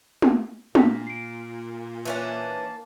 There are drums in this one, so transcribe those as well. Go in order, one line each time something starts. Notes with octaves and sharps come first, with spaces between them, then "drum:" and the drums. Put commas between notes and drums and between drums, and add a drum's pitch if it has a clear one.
drum: tom
A#2 D4 B6, drum: tom
C7 D7
E3 A#3 C#4 D4 A5